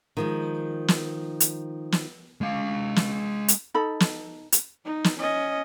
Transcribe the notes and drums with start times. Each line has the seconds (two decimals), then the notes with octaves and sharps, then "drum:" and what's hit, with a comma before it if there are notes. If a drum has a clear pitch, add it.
0.17 D#3 F3 G#3
0.88 drum: snare
1.40 drum: hi-hat
1.92 drum: snare
2.41 G#3 F5
2.96 drum: snare
3.48 drum: hi-hat
3.74 D#4 A4 B5
4.00 drum: snare
4.52 drum: hi-hat
4.85 D#4
5.04 drum: snare
5.19 C#4 D#5